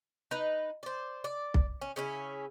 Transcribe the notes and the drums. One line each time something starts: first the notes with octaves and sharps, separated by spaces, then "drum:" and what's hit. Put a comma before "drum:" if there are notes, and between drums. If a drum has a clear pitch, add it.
D#4 B4
C5 D5
D5
drum: kick B1
C#4
C#3 C#4 E4